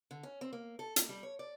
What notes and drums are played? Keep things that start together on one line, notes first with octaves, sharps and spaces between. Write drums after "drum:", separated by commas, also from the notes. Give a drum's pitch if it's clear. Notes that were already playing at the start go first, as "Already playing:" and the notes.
D3
C#4
C4
A#3
A4
A#3, drum: hi-hat
G3
C#5
D5